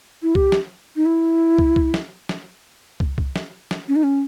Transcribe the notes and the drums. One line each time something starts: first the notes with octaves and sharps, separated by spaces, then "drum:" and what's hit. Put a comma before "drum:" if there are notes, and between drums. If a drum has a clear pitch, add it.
E4
G4, drum: kick
drum: snare
D#4
E4
drum: kick
drum: kick
drum: snare
drum: snare
drum: kick
drum: kick
drum: snare
drum: snare
C#4
D#4
C#4